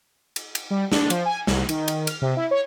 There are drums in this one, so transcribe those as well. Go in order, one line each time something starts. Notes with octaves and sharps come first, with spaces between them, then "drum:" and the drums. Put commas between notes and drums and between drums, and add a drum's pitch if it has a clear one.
drum: cymbal
drum: cymbal
G3
D4, drum: snare
F3, drum: cymbal
G#5
C2, drum: snare
D#3, drum: cymbal
drum: cymbal
F6, drum: cymbal
C3
E4
C#5